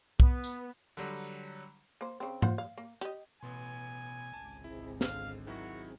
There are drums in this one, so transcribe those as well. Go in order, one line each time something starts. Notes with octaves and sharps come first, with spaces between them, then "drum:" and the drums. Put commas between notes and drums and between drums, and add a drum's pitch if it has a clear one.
B3, drum: kick B1
drum: tambourine
D3 F#3 G3
A#3 C5
C#3 C4
F4 C5 F#5, drum: tom G#2
F5
A#3
G4 D#5, drum: hi-hat
A1 B2 B3 G#5 C6
G#1 C#2 C3 A5 D6
C4 E4 G#4
D3 F5, drum: snare
D#3 F#3 E4 F#4